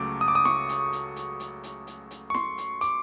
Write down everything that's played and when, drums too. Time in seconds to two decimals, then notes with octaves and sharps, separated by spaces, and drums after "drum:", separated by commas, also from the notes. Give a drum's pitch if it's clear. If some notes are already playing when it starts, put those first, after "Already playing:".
Already playing: C#2 C#3 F#3 A3 D6
0.21 D#6
0.28 D6
0.35 D#6
0.45 C#6, drum: snare E4
0.69 drum: hi-hat
0.93 drum: hi-hat
1.16 drum: hi-hat
1.40 drum: hi-hat
1.63 drum: hi-hat
1.87 drum: hi-hat
2.11 drum: hi-hat
2.30 C#6
2.35 C6, drum: snare E4
2.58 drum: hi-hat
2.81 D6, drum: hi-hat